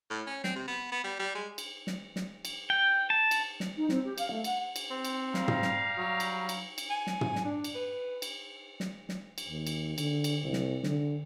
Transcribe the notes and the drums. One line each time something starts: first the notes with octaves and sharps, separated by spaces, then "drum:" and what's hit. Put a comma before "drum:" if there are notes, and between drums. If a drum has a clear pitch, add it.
A2
C#4
C4, drum: snare
C3
B3
B3
G3
G3
G#3
drum: cymbal
drum: snare
drum: snare
drum: cymbal
G5
A5
drum: cymbal
drum: snare
D#4
C4, drum: snare
G4
F5, drum: cymbal
A3
F#5, drum: cymbal
drum: cymbal
C4
drum: cymbal
G3 F5 A#5, drum: snare
drum: tom
drum: snare
F#3
drum: cymbal
drum: cymbal
drum: cymbal
G#5
drum: snare
drum: tom
drum: snare
D4
drum: cymbal
B4
drum: cymbal
drum: snare
drum: snare
drum: cymbal
D#2
drum: cymbal
D3, drum: cymbal
drum: cymbal
C2
drum: snare
D3, drum: snare